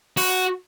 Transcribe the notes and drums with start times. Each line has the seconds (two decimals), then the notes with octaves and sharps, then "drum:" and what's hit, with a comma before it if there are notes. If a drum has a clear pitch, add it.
0.17 F#4, drum: open hi-hat